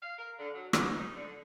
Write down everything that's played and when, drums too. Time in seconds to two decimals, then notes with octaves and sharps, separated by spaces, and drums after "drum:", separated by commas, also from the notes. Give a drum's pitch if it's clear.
0.02 F5
0.19 A#4
0.39 D3
0.55 F#3
0.73 G#2, drum: rim click
0.99 D#4
1.16 D3